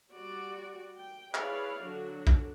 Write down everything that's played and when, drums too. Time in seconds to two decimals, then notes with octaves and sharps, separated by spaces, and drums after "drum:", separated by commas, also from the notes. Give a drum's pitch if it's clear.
0.11 G3 F#4 D5
0.95 G5
1.34 E4 G#4 B4 C#5 D5 F5, drum: clap
1.82 D3 F#3 D4 F#4
2.27 drum: kick